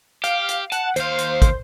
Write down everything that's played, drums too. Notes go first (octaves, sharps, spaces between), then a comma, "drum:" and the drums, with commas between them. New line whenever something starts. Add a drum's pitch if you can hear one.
G4 F5, drum: hi-hat
drum: hi-hat
F#5 A5, drum: hi-hat
D#2 C5 F5, drum: hi-hat
drum: hi-hat
drum: kick, hi-hat